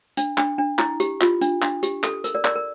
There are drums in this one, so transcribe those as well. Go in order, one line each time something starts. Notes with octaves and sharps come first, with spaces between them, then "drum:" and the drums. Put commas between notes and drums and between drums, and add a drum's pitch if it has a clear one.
D4, drum: hi-hat
D4, drum: clap
D4
E4, drum: clap
G4, drum: hi-hat
F4, drum: clap
D4, drum: hi-hat
D4, drum: clap
G4, drum: hi-hat
A4, drum: clap
A#4, drum: hi-hat
A#4 D5
A#4 D5, drum: clap
A#4